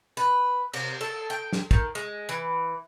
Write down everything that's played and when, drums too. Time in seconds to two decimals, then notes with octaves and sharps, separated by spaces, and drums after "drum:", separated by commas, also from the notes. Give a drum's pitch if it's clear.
0.17 B4
0.74 C3, drum: cymbal
1.01 A4
1.30 G5
1.53 drum: snare
1.71 D#3, drum: kick
1.95 G#3
2.29 E3